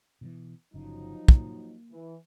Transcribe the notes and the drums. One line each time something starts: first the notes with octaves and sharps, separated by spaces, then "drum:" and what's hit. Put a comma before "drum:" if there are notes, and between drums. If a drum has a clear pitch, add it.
B2 D#3 E3
G1 C#3 F3 F#3 D#4
A#3, drum: kick
E3